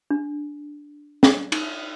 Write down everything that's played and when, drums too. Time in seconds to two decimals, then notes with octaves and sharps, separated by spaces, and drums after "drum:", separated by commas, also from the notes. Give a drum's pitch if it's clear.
0.10 D4
1.23 drum: snare
1.52 D#4, drum: cymbal